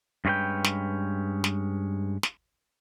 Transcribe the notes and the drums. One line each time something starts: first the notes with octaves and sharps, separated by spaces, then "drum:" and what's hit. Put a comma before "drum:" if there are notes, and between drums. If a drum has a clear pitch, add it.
G2 G#3 C#4 G#4 B4 G5
drum: snare
drum: snare
drum: snare